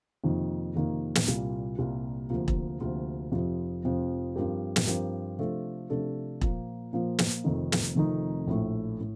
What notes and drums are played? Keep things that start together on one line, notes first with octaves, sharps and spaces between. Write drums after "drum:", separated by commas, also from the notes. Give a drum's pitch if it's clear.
F2 C3 D#3 A#3 D#4
F2 C3 D#3 A#3 D#4
drum: snare
C2 A#2 G3 A#3 F4
C2 A#2 G3 A#3 F4
D2 C3 F3 A#3 F4
drum: kick E1
D2 C3 F3 A#3 F4
F1 F2 C3 F3
F1 F2 C3 F3
G2 F3 C4 G4 A#4
drum: snare
G2 F3 C4 G4 A#4
C3 F3 A3 D4 A4
C3 F3 A3 D4 A4
A#2 F3 A#3, drum: kick E1
A#2 F3 A#3
drum: snare
F1 F2 D#3 A3 D#4
drum: snare
F1 F2 D#3 A3 D#4
A#1 A2 A3
A2